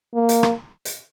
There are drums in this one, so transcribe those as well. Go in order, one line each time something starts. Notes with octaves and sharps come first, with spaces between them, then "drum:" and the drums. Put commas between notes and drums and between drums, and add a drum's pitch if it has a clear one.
A#3
drum: hi-hat
drum: rim click
drum: hi-hat